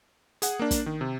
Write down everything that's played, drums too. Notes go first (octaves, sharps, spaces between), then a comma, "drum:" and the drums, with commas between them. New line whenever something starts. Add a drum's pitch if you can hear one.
G#4 F#5, drum: hi-hat
A#3 D4
drum: kick, hi-hat
D#3
C3